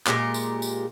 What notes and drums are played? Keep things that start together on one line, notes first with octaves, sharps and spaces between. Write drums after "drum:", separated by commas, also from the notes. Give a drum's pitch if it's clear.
A#2 G#3 G4 A#4, drum: clap
drum: tambourine
drum: tambourine